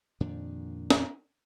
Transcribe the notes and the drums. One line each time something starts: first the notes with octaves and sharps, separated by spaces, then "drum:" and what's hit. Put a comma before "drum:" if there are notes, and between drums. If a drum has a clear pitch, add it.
F2 A#2 D#3 D4
drum: snare